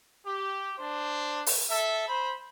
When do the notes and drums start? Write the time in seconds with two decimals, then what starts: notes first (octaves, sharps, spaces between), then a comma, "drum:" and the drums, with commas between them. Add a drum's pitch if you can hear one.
0.25 G4
0.78 D4 C5
1.46 drum: open hi-hat
1.70 A4 E5
2.07 C5 B5